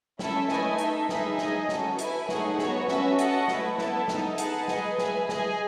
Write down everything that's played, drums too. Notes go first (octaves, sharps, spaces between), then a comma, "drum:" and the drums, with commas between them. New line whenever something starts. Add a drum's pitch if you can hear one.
C#4 E4 A4 E5 A5, drum: snare
A3 E4 B4 D#5 G#5, drum: snare
D#4 A4 E5, drum: hi-hat
D#4 G#4 B4 E5, drum: snare
D#4 G#4 D#5 G#5, drum: snare
C#4 F#4 A4, drum: snare
E4 B4 E5 G#5, drum: hi-hat
A3 D#4 G#4 C#5 F#5, drum: snare
B3 F#4 C#5, drum: snare
C#4 F#4 B4 E5 A5, drum: snare
F#4 A4 D#5 F#5, drum: hi-hat
A3 E4 B4, drum: snare
B3 E4 A4 E5 A5, drum: snare
B3 D#4 A4, drum: snare
D#4 G#4 B4 F#5 A5, drum: hi-hat
G#4 B4 D#5 G#5, drum: snare
G#4 B4 E5 G#5, drum: snare
G#4 D#5 G#5, drum: snare